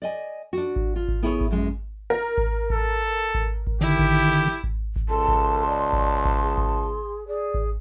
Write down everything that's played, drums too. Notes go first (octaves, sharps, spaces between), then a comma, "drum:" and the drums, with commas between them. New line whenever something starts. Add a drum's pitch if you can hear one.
D5 D#5 G#5
D4 F#4
drum: kick G#1
F4
drum: kick G#1
B3 E4 G#4 A4 C#5
drum: kick G#1
F#2 G#3
A#4
drum: kick G#1
A4, drum: kick G#1
drum: kick G#1
drum: kick G#1
D3 D#3 E4 G4
drum: kick G#1
drum: kick G#1
drum: kick G#1
C#2 A4 A5 C6
drum: kick G#1
D5
drum: kick G#1
drum: kick G#1
G#4
drum: kick G#1
G#4 D5
drum: kick G#1